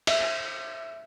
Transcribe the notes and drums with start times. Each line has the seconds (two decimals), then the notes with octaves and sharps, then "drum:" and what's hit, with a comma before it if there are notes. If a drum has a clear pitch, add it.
0.07 E5, drum: cymbal